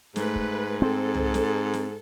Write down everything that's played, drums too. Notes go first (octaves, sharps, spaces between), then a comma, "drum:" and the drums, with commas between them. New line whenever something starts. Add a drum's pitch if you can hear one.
G#2 A3 B4, drum: snare
drum: kick
C4 A4
drum: tom C2
drum: snare
drum: snare